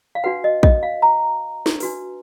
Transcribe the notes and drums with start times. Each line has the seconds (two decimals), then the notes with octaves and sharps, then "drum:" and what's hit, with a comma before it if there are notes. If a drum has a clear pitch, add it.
0.15 F5
0.24 D4 F#4 B4 F#5
0.44 D#5
0.63 D#5, drum: kick
0.83 F5
1.02 A#5
1.66 drum: snare
1.80 D4 F#4 B4, drum: open hi-hat